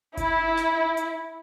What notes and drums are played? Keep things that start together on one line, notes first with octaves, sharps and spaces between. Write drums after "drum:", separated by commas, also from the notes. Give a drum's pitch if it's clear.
E4, drum: kick G1, hi-hat
drum: snare
drum: hi-hat